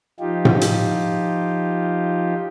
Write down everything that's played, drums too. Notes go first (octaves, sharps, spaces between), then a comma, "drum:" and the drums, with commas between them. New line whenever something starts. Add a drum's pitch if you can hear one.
F3 D#4 F4 G4
drum: tom A2
drum: hi-hat